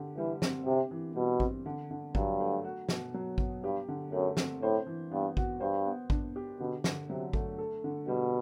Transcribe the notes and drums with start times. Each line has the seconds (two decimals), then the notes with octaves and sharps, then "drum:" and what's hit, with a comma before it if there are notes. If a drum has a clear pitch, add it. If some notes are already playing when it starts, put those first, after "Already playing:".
Already playing: D3 G4
0.17 E3 G3
0.42 C4, drum: snare
0.66 C3 G4
0.91 E3
1.15 B2 G3
1.40 C4, drum: kick A1
1.66 D3
1.91 D3
2.15 G2 F#3, drum: kick A1
2.40 A3
2.64 F#4
2.89 B2, drum: snare
3.14 F#3
3.38 B3, drum: kick A1
3.63 G2 G4
3.88 D3
4.12 F#2 A3
4.37 C4, drum: snare
4.62 A2 C5
4.87 E3
5.11 G2 B3
5.37 F#4, drum: kick A1
5.60 G2 C5
5.86 B3
6.10 D4, drum: kick A1
6.36 G4
6.60 B2 D3
6.84 D3, drum: snare
7.09 C3 F#3
7.33 A3, drum: kick A1
7.58 A4
7.84 D3
8.08 B2 G3